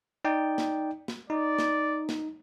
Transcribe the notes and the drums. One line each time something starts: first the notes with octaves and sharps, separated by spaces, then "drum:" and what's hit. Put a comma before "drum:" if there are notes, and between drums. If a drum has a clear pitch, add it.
D#4 D5 G5
drum: snare
drum: snare
D#4 D5
drum: snare
drum: snare